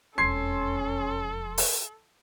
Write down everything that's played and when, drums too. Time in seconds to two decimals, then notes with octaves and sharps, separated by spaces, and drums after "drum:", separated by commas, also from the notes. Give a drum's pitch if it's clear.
0.18 E1 F2 C#4 A4 C6 G#6 C7
1.58 drum: open hi-hat